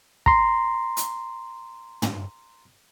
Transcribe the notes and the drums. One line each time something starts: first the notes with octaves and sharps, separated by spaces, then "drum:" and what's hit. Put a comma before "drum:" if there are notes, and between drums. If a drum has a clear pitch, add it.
A#5 C6, drum: kick
drum: hi-hat
drum: tom